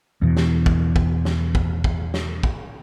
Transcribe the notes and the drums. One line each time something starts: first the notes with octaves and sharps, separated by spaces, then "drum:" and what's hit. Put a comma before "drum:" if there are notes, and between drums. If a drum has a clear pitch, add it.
E2 B2 E3
drum: snare
drum: kick
drum: kick
drum: snare
drum: kick
drum: kick
drum: snare
drum: kick